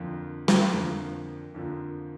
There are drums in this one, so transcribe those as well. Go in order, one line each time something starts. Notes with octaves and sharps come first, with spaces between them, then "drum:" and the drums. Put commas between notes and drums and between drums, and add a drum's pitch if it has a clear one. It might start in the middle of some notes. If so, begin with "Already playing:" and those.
Already playing: F2 D3 F3 A#3
drum: snare
F2 D3 F3 A#3
F2 D3 F3 A#3